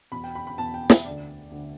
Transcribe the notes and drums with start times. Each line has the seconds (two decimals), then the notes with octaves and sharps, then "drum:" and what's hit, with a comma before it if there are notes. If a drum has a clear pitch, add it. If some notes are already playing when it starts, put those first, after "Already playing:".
0.12 E2 B2 B5
0.24 G5
0.35 B5
0.47 B5
0.58 E2 B2 A5
0.74 G5
0.90 E5, drum: snare
1.05 D2 D3 D5
1.51 D2 D3